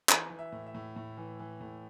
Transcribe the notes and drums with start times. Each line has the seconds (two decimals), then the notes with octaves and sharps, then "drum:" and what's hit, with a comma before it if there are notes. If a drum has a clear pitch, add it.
0.09 E3, drum: clap
0.30 E3
0.39 E5
0.52 A2
0.66 E5
0.75 A2
0.96 A2
1.17 E3
1.39 E3
1.61 A2